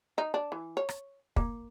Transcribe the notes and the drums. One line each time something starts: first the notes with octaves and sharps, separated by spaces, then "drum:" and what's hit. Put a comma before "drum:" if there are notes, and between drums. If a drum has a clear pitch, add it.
D#4
D4
E3
C#5
drum: rim click
A#3, drum: kick